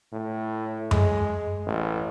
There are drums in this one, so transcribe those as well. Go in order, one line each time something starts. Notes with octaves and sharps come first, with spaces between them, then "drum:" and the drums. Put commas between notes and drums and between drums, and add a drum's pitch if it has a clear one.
A2
G#3, drum: tom F#2
A1